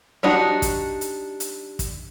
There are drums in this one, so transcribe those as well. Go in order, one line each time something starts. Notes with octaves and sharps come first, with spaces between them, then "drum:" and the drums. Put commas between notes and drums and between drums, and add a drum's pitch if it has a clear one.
G3 D4 D#4 F#4
drum: kick, hi-hat
drum: hi-hat
drum: hi-hat
drum: kick, hi-hat